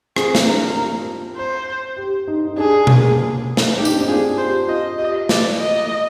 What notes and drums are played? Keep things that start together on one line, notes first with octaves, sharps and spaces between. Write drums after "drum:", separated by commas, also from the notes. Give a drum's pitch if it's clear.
C4 G#4, drum: rim click
drum: snare
D4 A#4
F4
C5
G4
D#4
D#4
D4 G#4
A#3, drum: tom B2
drum: snare
D#4 G4
D4, drum: tambourine
C4
D4
F4 G#4
G4 C5
F4 D#5
G4 D#5
D5, drum: snare
D#5